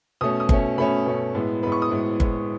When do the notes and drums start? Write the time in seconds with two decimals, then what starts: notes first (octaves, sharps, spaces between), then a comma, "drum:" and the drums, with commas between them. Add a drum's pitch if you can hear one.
0.21 B2 A3 C#4 D#6
0.40 D#6
0.49 B2 A3 C#4, drum: kick G1
0.78 B2 A3 C#4 B5
1.06 B2 A3 C#4
1.35 A2 G#3 B3
1.63 A2 G#3 B3 B5
1.72 C#6
1.82 D#6
1.91 A2 G#3 B3
2.20 A2 G#3 B3, drum: kick G1